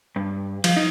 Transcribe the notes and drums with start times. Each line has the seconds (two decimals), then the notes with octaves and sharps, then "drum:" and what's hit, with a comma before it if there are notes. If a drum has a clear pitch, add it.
0.16 G2
0.64 F3, drum: cymbal
0.77 D#4